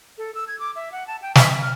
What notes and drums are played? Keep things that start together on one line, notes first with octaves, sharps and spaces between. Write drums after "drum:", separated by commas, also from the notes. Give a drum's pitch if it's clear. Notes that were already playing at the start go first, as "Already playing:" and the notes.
A4
E6
G#6
D6
E5
F#5
A5
G5
B6, drum: snare
E5
F6